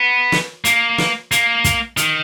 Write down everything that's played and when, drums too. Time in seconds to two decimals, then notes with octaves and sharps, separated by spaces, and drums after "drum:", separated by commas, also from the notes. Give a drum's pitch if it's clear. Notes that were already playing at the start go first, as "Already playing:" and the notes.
Already playing: B3
0.32 drum: snare
0.65 A#3, drum: hi-hat
0.98 drum: snare
1.31 A#3, drum: hi-hat
1.64 drum: kick, hi-hat
1.97 D#3, drum: hi-hat